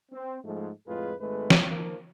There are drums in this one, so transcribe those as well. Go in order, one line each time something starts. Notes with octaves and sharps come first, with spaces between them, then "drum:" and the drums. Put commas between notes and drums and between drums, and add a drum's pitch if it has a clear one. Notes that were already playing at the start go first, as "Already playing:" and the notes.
C4
G#2 F3 G#3 A3
F2 A2 G#3 F4 G#4 B4
G#1 G#3 A3 B4
drum: snare
D#3 F3 A#3